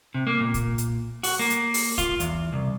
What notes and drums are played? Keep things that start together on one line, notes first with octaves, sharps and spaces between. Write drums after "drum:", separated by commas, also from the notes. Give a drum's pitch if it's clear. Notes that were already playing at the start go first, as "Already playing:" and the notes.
C3
A#3
A#2
drum: kick, hi-hat
drum: hi-hat
F#4, drum: open hi-hat
A#3
drum: hi-hat
drum: open hi-hat
F4, drum: kick, hi-hat
E2, drum: hi-hat
C2